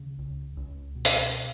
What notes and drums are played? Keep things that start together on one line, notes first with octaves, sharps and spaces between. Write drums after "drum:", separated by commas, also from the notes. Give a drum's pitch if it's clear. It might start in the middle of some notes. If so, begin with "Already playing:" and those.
Already playing: D2 C#3
C#2
C#2
B2
drum: hi-hat